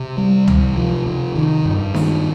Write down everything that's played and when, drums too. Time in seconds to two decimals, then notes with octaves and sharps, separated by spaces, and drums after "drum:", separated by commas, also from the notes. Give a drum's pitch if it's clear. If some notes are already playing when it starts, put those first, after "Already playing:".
Already playing: C3
0.18 G3
0.48 C3, drum: tom C#2
0.77 F3
1.06 C3
1.36 D#3
1.65 G2
1.94 D#3, drum: snare D4